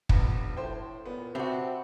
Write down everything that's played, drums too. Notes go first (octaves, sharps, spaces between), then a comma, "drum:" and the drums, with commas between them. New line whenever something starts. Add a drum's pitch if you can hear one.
D#1 A#1 B3, drum: kick
A2 C5 G5
A#2 B3
C3 C4 F#4 E5 G5 A5 B5